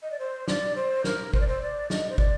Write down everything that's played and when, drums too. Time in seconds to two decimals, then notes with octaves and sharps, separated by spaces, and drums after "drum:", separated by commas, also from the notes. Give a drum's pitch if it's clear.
0.02 D#5
0.11 D5
0.19 C5
0.48 D5, drum: snare
0.76 C5
1.04 A#4, drum: snare
1.33 C5, drum: kick
1.41 D5
1.47 C5
1.62 D5
1.90 D#5, drum: snare
2.09 C5
2.18 D5, drum: kick